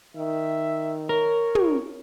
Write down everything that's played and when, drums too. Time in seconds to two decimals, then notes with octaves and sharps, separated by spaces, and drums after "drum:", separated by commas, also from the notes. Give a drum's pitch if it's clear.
0.16 D#3 E5
1.09 A#4 C#5
1.55 drum: tom